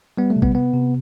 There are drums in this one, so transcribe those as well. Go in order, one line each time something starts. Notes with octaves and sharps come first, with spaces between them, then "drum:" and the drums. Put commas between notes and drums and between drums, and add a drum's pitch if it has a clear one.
G3 B3
A3
C3
B3, drum: kick A1
C3 B3
C3